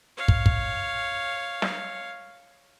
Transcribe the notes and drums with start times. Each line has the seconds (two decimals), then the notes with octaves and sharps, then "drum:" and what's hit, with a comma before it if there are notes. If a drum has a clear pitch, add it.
0.17 C#5 F5
0.28 drum: kick
0.46 drum: kick
1.62 drum: snare